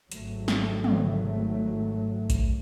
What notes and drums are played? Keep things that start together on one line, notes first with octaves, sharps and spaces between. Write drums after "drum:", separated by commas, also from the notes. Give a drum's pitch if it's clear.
G#1 F#3 A3, drum: hi-hat
drum: snare
drum: tom
drum: kick A#1, hi-hat